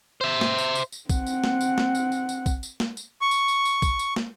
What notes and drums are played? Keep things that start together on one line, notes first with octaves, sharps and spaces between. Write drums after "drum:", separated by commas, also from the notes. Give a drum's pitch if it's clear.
C5 E5
drum: snare
drum: tambourine
drum: tambourine
drum: tambourine
C4 F#5, drum: kick, tambourine
drum: tambourine
drum: snare
drum: tambourine
drum: snare
drum: tambourine
drum: tambourine
drum: tambourine
drum: kick, tambourine
drum: tambourine
drum: snare
drum: tambourine
C#6
drum: tambourine
drum: tambourine
drum: tambourine
drum: kick, tambourine
drum: tambourine
drum: snare